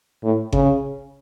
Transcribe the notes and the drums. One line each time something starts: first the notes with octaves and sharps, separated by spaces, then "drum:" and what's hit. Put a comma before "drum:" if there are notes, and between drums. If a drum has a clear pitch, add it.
A2
C#3, drum: kick G1